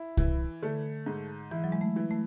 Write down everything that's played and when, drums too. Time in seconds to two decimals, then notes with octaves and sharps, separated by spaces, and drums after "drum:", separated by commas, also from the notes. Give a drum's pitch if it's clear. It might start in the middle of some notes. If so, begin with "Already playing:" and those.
Already playing: E4
0.17 E3, drum: kick C2
0.62 D3 A3
1.06 G#2
1.51 E3 E4
1.64 F#3
1.72 G#3
1.81 A3
1.96 E3
2.11 A3